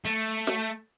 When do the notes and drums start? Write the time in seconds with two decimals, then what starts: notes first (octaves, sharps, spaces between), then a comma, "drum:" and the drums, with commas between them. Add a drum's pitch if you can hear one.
0.05 A3
0.47 drum: snare